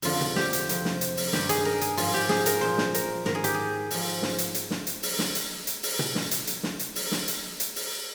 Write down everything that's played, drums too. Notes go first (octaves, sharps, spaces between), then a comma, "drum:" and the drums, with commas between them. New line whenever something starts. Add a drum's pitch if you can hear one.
F2 D3 F3 F4, drum: open hi-hat
drum: tom B2
G4, drum: snare
drum: hi-hat
F2 C3 F3, drum: hi-hat
drum: snare
drum: hi-hat
drum: open hi-hat
G2 D#3 G4, drum: snare
G#4, drum: hi-hat
A#4
G#4, drum: hi-hat
G#2 F3 F4, drum: open hi-hat
G4
G#4, drum: snare
A#4, drum: hi-hat
A#2 F3 C5
drum: snare
A#4, drum: hi-hat
G#2 D#3 A#4, drum: snare
G#4
G4, drum: hi-hat
G#4
G#2 F3, drum: open hi-hat
drum: snare
drum: hi-hat
drum: hi-hat
drum: snare
drum: hi-hat
drum: open hi-hat
drum: snare
drum: hi-hat
drum: hi-hat
drum: open hi-hat
drum: tom B2
drum: snare
drum: hi-hat
drum: hi-hat
drum: snare
drum: hi-hat
drum: open hi-hat
drum: snare
drum: hi-hat
drum: hi-hat
drum: open hi-hat